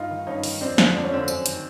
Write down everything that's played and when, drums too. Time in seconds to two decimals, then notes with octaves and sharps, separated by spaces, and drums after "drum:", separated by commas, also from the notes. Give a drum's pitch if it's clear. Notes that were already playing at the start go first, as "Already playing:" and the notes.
Already playing: G2 D#4 F4
0.10 D#3
0.27 G2 C#4 D#4
0.44 D#3, drum: open hi-hat
0.61 F2 C4 D4
0.78 D3 F3, drum: snare
0.94 F2 D4
1.04 C#4
1.12 D3 F3 C4 D4
1.28 F#2, drum: tambourine
1.46 D#3, drum: hi-hat